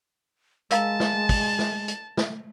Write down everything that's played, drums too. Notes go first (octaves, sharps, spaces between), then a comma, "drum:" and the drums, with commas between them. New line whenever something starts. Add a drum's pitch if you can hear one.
G#3 A#4 F5 A5 A#5, drum: hi-hat
drum: snare
drum: kick, open hi-hat
drum: snare
drum: hi-hat
drum: snare